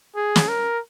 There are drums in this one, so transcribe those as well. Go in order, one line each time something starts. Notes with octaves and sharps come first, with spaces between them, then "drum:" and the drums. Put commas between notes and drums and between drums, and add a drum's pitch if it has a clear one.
G#4
drum: snare
A#4